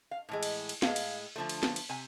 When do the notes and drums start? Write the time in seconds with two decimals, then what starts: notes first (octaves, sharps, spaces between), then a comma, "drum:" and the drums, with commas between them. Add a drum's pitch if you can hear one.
0.11 F5
0.29 A2 E3 G#3
0.43 drum: cymbal
0.69 drum: cymbal
0.82 A2 G#3 F5, drum: snare
0.96 drum: cymbal
1.36 D3 F3 A3
1.49 drum: cymbal
1.63 drum: snare
1.76 drum: cymbal
1.89 C3 G#5